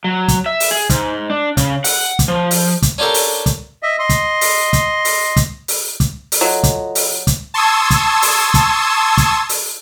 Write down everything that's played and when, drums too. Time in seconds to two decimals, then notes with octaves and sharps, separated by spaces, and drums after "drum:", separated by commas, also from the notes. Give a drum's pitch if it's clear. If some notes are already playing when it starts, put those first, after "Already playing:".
0.04 F#3
0.28 drum: kick, hi-hat
0.46 E5
0.60 drum: open hi-hat
0.71 G#4
0.90 G#2, drum: kick, hi-hat
1.30 D4
1.57 C#3, drum: kick, hi-hat
1.84 F#5, drum: open hi-hat
2.19 drum: kick, hi-hat
2.28 F3
2.51 drum: open hi-hat
2.82 drum: kick, hi-hat
2.98 C#4 D4 F4 G4 A4 A#4
3.14 drum: open hi-hat
3.46 drum: kick, hi-hat
3.83 D#5 E5
3.99 D#5 C6
4.09 drum: kick, hi-hat
4.41 drum: open hi-hat
4.73 drum: kick, hi-hat
5.05 drum: open hi-hat
5.36 drum: kick, hi-hat
5.68 drum: open hi-hat
6.00 drum: kick, hi-hat
6.32 drum: open hi-hat
6.41 F#3 F4 A4 D#5
6.63 drum: kick, hi-hat
6.95 drum: open hi-hat
7.27 drum: kick, hi-hat
7.54 A5 C6 C#6 D#6 E6 G#6
7.90 drum: kick, hi-hat
8.22 drum: open hi-hat
8.54 drum: kick, hi-hat
9.18 drum: kick, hi-hat
9.49 drum: open hi-hat